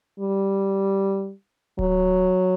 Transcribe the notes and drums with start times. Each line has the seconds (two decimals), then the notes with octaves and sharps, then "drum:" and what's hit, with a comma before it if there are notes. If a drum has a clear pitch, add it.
0.19 G3
1.79 F#3, drum: kick D1